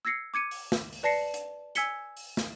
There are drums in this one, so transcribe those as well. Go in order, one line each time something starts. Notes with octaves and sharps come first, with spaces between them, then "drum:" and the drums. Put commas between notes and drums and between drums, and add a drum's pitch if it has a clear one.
E6 G#6 A#6 C7 C#7
D6 G#6 C#7 D#7
drum: open hi-hat
drum: snare
drum: open hi-hat
B4 D5 A5 A#6 C7 C#7
drum: hi-hat
G#5 E6 G#6 B6 C#7 G7, drum: hi-hat
drum: open hi-hat
drum: snare